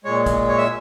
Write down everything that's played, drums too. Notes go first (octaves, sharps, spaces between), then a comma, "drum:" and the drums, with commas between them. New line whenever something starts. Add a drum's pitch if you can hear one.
A#2 G#3 C#5
drum: kick, hi-hat
C#5
E5